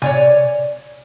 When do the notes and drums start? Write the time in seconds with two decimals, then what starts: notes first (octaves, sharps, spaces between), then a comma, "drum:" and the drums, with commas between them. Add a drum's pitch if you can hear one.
0.02 C#5 D5 G#5, drum: tom C3